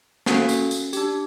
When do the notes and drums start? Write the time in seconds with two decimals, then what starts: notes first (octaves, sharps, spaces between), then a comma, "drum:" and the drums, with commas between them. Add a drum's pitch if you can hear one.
0.26 A#3 C#4 F#4 A4, drum: snare
0.49 drum: tambourine
0.71 drum: tambourine
0.93 D4 G4, drum: tambourine